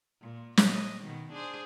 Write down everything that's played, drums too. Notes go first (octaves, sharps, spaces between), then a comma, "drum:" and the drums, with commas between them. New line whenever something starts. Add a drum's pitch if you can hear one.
A#2
A#2 D#5, drum: snare
B2 D#3
D4 G#4 C5